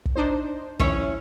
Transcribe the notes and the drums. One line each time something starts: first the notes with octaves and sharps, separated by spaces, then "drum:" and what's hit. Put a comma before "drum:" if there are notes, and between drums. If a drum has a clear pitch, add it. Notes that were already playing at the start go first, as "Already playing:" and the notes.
drum: kick
D4 D#4 C5
A#1 D#2 C#4 E4 C#5, drum: kick